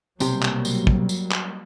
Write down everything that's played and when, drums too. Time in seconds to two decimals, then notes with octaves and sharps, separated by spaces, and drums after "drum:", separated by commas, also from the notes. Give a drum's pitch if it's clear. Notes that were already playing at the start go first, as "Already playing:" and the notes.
0.20 B1 C3 F#3 G3 A#3 G4, drum: tambourine
0.43 drum: clap
0.65 drum: tambourine
0.87 drum: kick
1.09 drum: tambourine
1.31 drum: clap